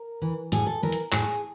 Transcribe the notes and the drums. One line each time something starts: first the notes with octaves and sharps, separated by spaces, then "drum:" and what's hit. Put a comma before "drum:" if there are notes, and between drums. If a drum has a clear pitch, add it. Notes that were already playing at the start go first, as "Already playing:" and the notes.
Already playing: A#4
E3
A2 G#4, drum: hi-hat
A4
E3 A#4
drum: hi-hat
A2 G#4, drum: clap